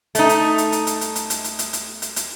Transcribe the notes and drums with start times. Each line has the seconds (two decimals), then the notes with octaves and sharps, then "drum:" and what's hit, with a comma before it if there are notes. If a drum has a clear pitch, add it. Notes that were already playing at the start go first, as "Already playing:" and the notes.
0.15 A3 D#4, drum: hi-hat
0.29 drum: hi-hat
0.58 drum: hi-hat
0.72 drum: hi-hat
0.87 drum: hi-hat
1.01 drum: hi-hat
1.16 drum: hi-hat
1.30 drum: hi-hat
1.44 drum: hi-hat
1.59 drum: hi-hat
1.73 drum: hi-hat
2.02 drum: hi-hat
2.16 drum: hi-hat